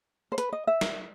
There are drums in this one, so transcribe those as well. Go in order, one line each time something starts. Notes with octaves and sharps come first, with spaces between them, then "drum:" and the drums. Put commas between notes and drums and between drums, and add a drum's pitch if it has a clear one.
C5
B4, drum: hi-hat
D#5
E5
drum: snare